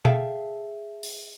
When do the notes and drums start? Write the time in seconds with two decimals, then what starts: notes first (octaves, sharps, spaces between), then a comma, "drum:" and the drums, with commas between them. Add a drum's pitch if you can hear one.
0.05 G#4 A4 E5 F5 G5 A5, drum: tom B2
1.03 drum: open hi-hat